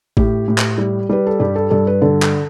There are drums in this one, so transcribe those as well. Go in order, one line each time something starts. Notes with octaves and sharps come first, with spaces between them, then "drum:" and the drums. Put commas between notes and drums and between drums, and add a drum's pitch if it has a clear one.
A2 G4, drum: kick G#1
A2
drum: clap
G3
G3 B4
A4
G2 G4
A4
G2 A4
B4
D3 A4
drum: clap